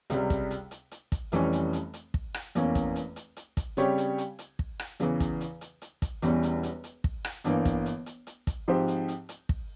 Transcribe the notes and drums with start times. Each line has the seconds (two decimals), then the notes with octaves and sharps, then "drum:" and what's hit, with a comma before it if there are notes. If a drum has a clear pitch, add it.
0.10 C#2 C3 G3, drum: hi-hat
0.30 drum: kick, hi-hat
0.51 drum: hi-hat
0.71 drum: hi-hat
0.91 drum: hi-hat
1.12 drum: kick, hi-hat
1.32 F1 F2 E3 G3 C#4, drum: hi-hat
1.53 drum: hi-hat
1.73 drum: hi-hat
1.94 drum: hi-hat
2.14 drum: kick
2.34 drum: rim click
2.55 F1 E2 E3 A#3 C#4, drum: hi-hat
2.75 drum: kick, hi-hat
2.96 drum: hi-hat
3.16 drum: hi-hat
3.37 drum: hi-hat
3.57 drum: kick, hi-hat
3.77 C#3 G3 C4 G4 C#5, drum: hi-hat
3.98 drum: hi-hat
4.18 drum: hi-hat
4.39 drum: hi-hat
4.59 drum: kick
4.79 drum: rim click
5.00 E2 C#3 E3, drum: hi-hat
5.20 drum: kick, hi-hat
5.41 drum: hi-hat
5.61 drum: hi-hat
5.82 drum: hi-hat
6.02 drum: kick, hi-hat
6.22 E1 E2 E3 G3 C#4, drum: hi-hat
6.43 drum: hi-hat
6.63 drum: hi-hat
6.84 drum: hi-hat
7.04 drum: kick
7.25 drum: rim click
7.44 G1 G2 E3 A#3, drum: hi-hat
7.65 drum: kick, hi-hat
7.86 drum: hi-hat
8.06 drum: hi-hat
8.27 drum: hi-hat
8.47 drum: kick, hi-hat
8.68 G#2 F3 C4 G4 C5
8.88 drum: hi-hat
9.08 drum: hi-hat
9.29 drum: hi-hat
9.49 drum: kick